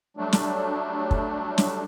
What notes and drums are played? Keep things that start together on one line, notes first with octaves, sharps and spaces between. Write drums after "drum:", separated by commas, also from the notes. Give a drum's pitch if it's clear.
F#3 G3 A3 D4
drum: snare
drum: kick
drum: snare